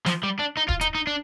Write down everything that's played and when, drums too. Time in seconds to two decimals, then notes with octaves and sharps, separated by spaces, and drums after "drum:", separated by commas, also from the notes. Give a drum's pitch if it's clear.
0.06 F3, drum: snare
0.23 G3
0.39 D4
0.57 D#4
0.69 F4, drum: kick D1
0.81 D#4, drum: hi-hat
0.95 D#4
1.07 D4